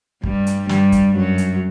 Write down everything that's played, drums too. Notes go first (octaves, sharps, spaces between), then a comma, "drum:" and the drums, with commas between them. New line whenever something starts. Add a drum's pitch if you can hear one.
G2 G3, drum: kick
drum: hi-hat
G2 G3, drum: snare
drum: kick, hi-hat
F#2 F#3
drum: hi-hat